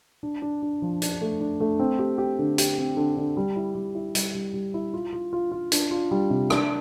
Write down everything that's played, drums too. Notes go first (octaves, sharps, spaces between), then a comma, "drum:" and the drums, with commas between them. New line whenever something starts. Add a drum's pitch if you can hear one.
D4
D4
D4
F3
D4, drum: hi-hat
A3
D4
A3
C4
G4
G4
D3
G4, drum: hi-hat
C4
D3
D3
G3
E4
G3
E4
G3, drum: hi-hat
G3
G3
E4
F4
F4
F4
F4
D4, drum: hi-hat
F4
G3
C3
D4, drum: rim click